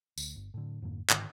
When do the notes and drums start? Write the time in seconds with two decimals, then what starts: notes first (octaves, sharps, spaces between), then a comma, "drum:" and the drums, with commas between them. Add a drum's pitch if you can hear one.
0.18 D2, drum: tambourine
0.36 G1
0.54 A2 D3
0.82 F2 G#2 D3 A#3
1.10 G#2 D3 D#3, drum: clap